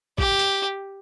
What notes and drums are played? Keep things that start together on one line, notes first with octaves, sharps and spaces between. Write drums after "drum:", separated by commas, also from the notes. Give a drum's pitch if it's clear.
G4, drum: kick
drum: hi-hat